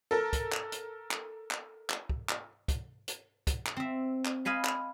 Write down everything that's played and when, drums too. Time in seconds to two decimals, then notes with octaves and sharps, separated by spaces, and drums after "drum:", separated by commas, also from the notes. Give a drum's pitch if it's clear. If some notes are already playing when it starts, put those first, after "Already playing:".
0.11 A4 A#4
0.33 drum: kick, hi-hat
0.52 drum: clap
0.72 drum: hi-hat
1.11 drum: clap
1.51 drum: clap
1.90 drum: clap
2.10 drum: kick
2.29 drum: clap
2.68 drum: kick, hi-hat
3.08 drum: hi-hat
3.47 drum: kick, hi-hat
3.67 drum: clap
3.77 C4 E5
4.25 drum: clap
4.45 D#5 F5 G#5 B5 C6
4.65 drum: clap